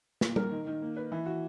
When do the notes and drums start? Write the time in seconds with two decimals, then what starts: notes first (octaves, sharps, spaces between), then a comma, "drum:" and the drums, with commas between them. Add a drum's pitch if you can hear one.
0.21 A#2, drum: snare
0.36 A#4, drum: tom
0.51 D#3
0.67 D#3
0.82 A#3
0.97 B4
1.12 E3
1.26 F#4